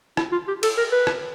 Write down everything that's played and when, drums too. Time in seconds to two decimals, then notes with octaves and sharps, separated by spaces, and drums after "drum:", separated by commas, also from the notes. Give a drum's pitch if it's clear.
0.17 E4, drum: rim click
0.32 F4
0.48 G4
0.63 A4, drum: cymbal
0.78 A#4
0.92 B4
1.07 drum: rim click